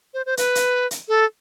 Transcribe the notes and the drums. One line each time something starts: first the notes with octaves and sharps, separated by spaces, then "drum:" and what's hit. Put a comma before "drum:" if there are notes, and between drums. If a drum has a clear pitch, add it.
C5
C5
B4, drum: hi-hat
drum: hi-hat
drum: hi-hat
A4